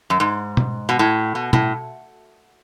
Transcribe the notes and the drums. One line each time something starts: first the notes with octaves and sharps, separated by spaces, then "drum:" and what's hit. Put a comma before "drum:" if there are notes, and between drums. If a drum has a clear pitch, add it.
F#2
G#2
drum: tom B2
B2
A2
B2
A2, drum: tom B2